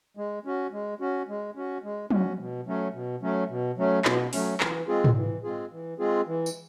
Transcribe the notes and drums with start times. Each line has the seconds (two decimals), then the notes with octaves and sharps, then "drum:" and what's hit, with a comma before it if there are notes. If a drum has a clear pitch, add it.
0.17 G#3
0.45 C#4 F#4
0.72 G#3
1.00 C#4 F#4
1.28 G#3
1.55 C#4 F#4
1.84 G#3
2.11 C#4 F#4, drum: tom
2.39 B2
2.66 F#3 A3 C#4
2.94 B2
3.22 F#3 A3 C#4
3.49 B2
3.78 F#3 A3 C#4
4.05 B2, drum: clap
4.33 F#3 A3 C#4, drum: open hi-hat
4.60 E3, drum: clap
4.88 G#3 C4 F4 G#4
5.04 drum: tom
5.16 E3
5.44 G#3 C4 F4 G#4
5.72 E3
5.99 G#3 C4 F4 G#4
6.27 E3
6.46 drum: tambourine